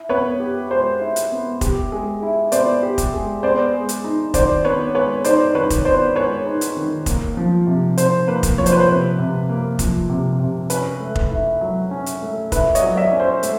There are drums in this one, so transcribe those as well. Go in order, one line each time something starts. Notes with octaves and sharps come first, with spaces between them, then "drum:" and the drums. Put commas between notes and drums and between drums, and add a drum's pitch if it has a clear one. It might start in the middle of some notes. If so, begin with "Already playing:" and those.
Already playing: E4
B3 B4 C#5
G4
G#3 C5
E4
drum: hi-hat
B3
G4, drum: kick F1, hi-hat
G#3
E4
B3 C5 D5, drum: hi-hat
G4
drum: kick F1, hi-hat
G#3
B3 C5 D5
G#3
drum: hi-hat
D#4
D#3 C5 D5, drum: kick F1, hi-hat
B3 B4 C#5
G#3 B4 C#5
D#4 C5 D5, drum: hi-hat
D#3 B4 C#5
drum: kick F1, hi-hat
B3 C5 D5
G#3 B4 C#5
D#4
drum: hi-hat
D#3
A#3, drum: kick F1, hi-hat
F3
C3
C3 C5, drum: hi-hat
A#3 B4
drum: kick F1, hi-hat
F3 C#5
C5, drum: hi-hat
B4
C5
C3 B4
C3
A#3
F3, drum: kick F1, hi-hat
C3
C3
C#4 B4, drum: hi-hat
A3
drum: kick F1
E4
F#3
C#4
drum: hi-hat
A3
E4 B4, drum: kick F1, hi-hat
C#5 D#5, drum: hi-hat
F#3
D5 E5
C#4
C5
A3, drum: hi-hat